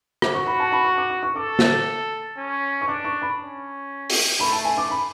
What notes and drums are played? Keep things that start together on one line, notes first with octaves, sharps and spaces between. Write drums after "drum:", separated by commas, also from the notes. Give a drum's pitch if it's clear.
D6, drum: rim click
F#4 C#6
B5
A5
B5
C#6
D6
C#6
C#6
A4 D6
drum: snare
C#4
C#6
D4 D6
C#6
B5
C#4
drum: open hi-hat
A3 B5
A5
G#5
D6
B5